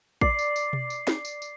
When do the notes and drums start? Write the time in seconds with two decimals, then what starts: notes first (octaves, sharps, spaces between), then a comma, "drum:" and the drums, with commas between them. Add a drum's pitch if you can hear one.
0.21 D5 C7, drum: kick
0.39 drum: tambourine
0.56 drum: tambourine
0.73 drum: tom B2
0.90 drum: tambourine
1.07 drum: snare
1.25 drum: tambourine
1.42 drum: tambourine